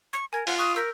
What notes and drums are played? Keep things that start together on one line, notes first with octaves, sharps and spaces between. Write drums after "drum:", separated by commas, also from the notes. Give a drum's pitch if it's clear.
C#6
A#4 G#5 G#6
F4 F#5, drum: open hi-hat
C#6 D#6 F#6
A#4 E6 G6 B6